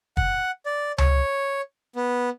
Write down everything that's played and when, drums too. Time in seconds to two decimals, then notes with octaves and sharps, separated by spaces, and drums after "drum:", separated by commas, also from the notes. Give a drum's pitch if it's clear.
0.17 F#5, drum: kick
0.66 D5
0.98 C#5, drum: tom C#2
1.96 B3